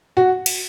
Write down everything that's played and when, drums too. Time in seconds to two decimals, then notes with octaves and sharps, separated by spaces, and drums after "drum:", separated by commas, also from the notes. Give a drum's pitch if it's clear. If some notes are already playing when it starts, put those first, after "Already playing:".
0.17 F#4
0.46 drum: cymbal